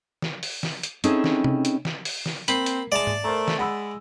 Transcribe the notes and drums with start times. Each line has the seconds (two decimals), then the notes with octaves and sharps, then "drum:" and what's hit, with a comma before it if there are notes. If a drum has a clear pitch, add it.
0.22 drum: snare
0.43 drum: open hi-hat
0.63 drum: snare
0.83 drum: hi-hat
1.04 C4 C#4 D#4 E4 G#4 A4, drum: hi-hat
1.24 drum: snare
1.44 drum: tom C3
1.65 drum: hi-hat
1.85 drum: snare
2.05 drum: open hi-hat
2.26 drum: snare
2.48 A#3 C4 B5 C7, drum: hi-hat
2.66 drum: hi-hat
2.92 G#3 D5 E5 A5
3.07 drum: tom G#2
3.24 A3 A#4 C5 A#5
3.48 drum: snare
3.59 G#3 F#5 B5 E6